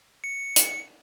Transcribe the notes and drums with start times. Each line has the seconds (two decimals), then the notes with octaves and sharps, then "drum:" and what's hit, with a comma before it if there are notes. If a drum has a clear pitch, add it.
0.24 C#7
0.56 drum: hi-hat